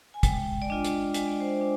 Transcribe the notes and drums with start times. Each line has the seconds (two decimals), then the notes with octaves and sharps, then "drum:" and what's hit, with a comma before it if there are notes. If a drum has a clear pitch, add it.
0.14 G#5
0.23 G#3 G5, drum: kick, hi-hat
0.62 D5
0.69 D4 F4 D#5
0.85 drum: hi-hat
1.14 G#3 D#5, drum: hi-hat
1.28 D5
1.40 C5
1.54 D5
1.61 D4